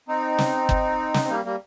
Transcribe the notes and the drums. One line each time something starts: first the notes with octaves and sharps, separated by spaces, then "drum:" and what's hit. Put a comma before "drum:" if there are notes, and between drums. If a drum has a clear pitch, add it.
C4 D#4
drum: snare
drum: kick G1
drum: snare
C4
G3 A#3
G3 A#3